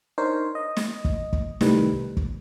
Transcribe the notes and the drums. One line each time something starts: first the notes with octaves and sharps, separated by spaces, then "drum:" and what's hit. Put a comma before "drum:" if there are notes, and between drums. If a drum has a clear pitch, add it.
D4 D#4 A#4 C5 C#5
D#5
drum: snare
drum: kick
drum: kick
C2 A2 D#3 G3 B4, drum: snare
C2
drum: kick